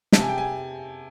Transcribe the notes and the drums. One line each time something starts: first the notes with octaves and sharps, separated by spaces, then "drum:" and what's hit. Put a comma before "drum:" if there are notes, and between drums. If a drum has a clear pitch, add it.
C3 A5, drum: snare
G#5
G5
G#5